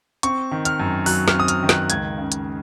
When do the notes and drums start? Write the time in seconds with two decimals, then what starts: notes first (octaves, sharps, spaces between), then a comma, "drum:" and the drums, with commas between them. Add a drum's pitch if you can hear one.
0.23 C4 C#6, drum: hi-hat
0.52 D#3
0.65 F6, drum: hi-hat
0.80 F#2
1.06 F#3 F#6, drum: open hi-hat
1.28 F6, drum: snare
1.34 C4
1.40 D#6
1.48 F6, drum: hi-hat
1.63 D#3
1.69 F#6, drum: snare
1.90 C#2 G#6, drum: hi-hat
2.18 C#3
2.32 drum: hi-hat